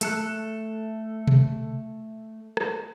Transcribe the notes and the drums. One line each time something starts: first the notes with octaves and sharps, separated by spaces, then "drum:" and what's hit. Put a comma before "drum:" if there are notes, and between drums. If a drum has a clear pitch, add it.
A3 A4 F#6, drum: hi-hat
drum: tom B2
drum: rim click